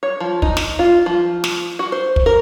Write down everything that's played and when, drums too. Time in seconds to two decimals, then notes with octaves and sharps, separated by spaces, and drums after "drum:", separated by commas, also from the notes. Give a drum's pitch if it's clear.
0.03 C#5
0.20 F3
0.42 D#4, drum: kick
0.57 drum: snare
0.79 F4
1.06 F3
1.44 drum: snare
1.79 F#4
1.92 C5
2.16 drum: kick
2.26 A#4